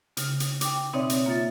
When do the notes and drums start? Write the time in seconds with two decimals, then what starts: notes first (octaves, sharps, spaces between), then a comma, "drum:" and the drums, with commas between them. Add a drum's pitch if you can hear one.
0.17 C#3, drum: hi-hat
0.40 drum: hi-hat
0.61 G5 D6, drum: hi-hat
0.93 B2 C4 D#4 C#5 D5 E5
1.10 drum: hi-hat
1.26 A#3 F4 E5 A6